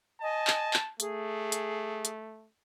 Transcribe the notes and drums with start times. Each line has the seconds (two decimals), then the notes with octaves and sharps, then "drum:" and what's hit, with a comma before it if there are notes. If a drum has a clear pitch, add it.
0.21 D#5 G#5 A5
0.47 drum: clap
0.74 drum: clap
1.00 A3 G#4, drum: hi-hat
1.52 drum: hi-hat
2.05 drum: hi-hat